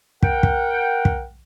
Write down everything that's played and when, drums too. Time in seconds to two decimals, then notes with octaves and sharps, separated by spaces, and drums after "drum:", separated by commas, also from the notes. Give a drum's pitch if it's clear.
0.23 A#4 F#5 G5, drum: kick
0.43 drum: kick
1.05 drum: kick